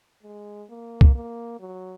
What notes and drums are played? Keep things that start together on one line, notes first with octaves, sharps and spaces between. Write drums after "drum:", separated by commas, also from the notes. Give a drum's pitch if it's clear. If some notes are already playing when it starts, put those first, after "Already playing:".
G#3
A#3
drum: kick
A#3
F#3